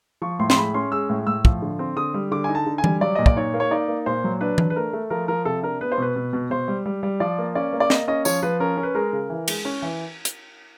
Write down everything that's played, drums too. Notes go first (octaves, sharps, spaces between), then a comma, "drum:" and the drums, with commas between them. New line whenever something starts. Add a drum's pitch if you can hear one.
F3 C#6
A2 C6
C6, drum: snare
G#3 B5
C#4 C6
G#3 E6
A2
A2 E6
F3, drum: kick
D3
C4
D3 D#6
G3
D3 D6
D#4 G#5
A5
D3
G#5
G3, drum: tom E3
F#3 D5
A#2 D#5
D5, drum: kick
D#4 C#5
A#3
C#5
D#4 D5
A#3
A#2 C5
F#3
D4 B4
D4, drum: tom E3
B4
A3 A#4
A3
F3 A#4
F3 A#4
C3 A4
D4 A#4
B3 B4
C5
B2 B4
B2
B2
B2 C5
G3
G3
G3
F3 D5
A#3
C#4 D5
A#3
D5
A#3 D#5, drum: snare
C#4 D#5
F3 C#5, drum: tambourine
F3 B4
C#4 A#4
C#4
B4
G#3 A#4
C#3
E3
G#3, drum: cymbal
C#4
E3
drum: hi-hat